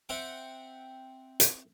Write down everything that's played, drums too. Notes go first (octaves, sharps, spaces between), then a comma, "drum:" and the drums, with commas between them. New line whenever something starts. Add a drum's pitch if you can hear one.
C4 E5 F#5 G5
drum: hi-hat